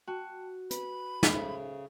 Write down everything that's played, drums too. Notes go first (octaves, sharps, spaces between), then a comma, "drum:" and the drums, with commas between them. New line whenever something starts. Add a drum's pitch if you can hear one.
F#4 G5 A5
B4 B5, drum: hi-hat
drum: snare
C#3 A4 C5 E5